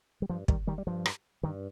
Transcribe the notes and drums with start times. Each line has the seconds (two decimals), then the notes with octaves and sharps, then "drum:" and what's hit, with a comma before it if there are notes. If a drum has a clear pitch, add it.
0.22 G3
0.29 G2 F3
0.48 D#3 G3, drum: kick
0.67 D#3 G3
0.78 G3
0.87 G2 F3
1.06 drum: rim click
1.43 G2 D#3